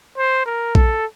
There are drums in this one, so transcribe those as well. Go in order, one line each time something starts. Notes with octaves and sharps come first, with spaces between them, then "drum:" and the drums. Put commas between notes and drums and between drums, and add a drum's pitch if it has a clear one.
C5
A#4
A4, drum: kick A#1